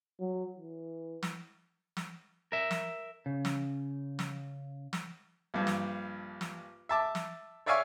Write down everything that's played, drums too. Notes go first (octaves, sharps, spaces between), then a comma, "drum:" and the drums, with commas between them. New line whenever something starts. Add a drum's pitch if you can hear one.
F#3
E3
drum: snare
drum: snare
A#4 E5
drum: snare
C#3
drum: snare
drum: snare
drum: snare
A#1 G2
drum: snare
drum: snare
E5 A5 D6
drum: snare
C#5 D5 E5 F5 G#5 C#6